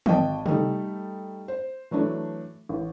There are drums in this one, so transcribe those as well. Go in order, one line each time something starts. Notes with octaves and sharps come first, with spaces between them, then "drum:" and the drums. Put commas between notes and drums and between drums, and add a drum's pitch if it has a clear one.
G#1 D#5 G5 A5, drum: tom
G3 A3 D#4 A4, drum: tom
C5
E3 F#3 A3 D4
A1